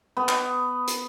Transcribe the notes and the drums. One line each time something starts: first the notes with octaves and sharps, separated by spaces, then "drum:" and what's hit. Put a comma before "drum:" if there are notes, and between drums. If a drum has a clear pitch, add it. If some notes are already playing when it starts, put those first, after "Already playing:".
B3
drum: clap
drum: hi-hat